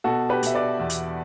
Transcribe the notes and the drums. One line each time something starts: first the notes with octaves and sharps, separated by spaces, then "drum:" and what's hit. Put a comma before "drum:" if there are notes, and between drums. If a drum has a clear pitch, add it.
B2 F#4 A4
G4 B4
B2 E5, drum: hi-hat
B4 D5
E2
drum: hi-hat